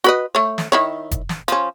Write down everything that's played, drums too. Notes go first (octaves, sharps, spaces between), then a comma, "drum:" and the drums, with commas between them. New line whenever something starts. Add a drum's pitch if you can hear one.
F#4 B4 D#5, drum: hi-hat
A3 C#5
drum: snare
D#3 E4 C#5
drum: kick, hi-hat
drum: snare
F3 C#4, drum: hi-hat